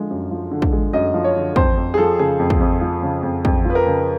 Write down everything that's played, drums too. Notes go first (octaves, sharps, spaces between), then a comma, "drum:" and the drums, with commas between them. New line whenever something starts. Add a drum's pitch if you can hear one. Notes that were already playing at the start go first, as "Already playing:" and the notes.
Already playing: D3 F3 G#3
F#2
F3
D3
drum: kick
G#3
F#2 D#5
F3
C#5
D3
F2 C5, drum: kick
F2
G#4
F3 A4
C#3 G#4
F2
drum: kick
F2
F3
C#3
F2
F2, drum: kick
F3
B4
A#4
C#3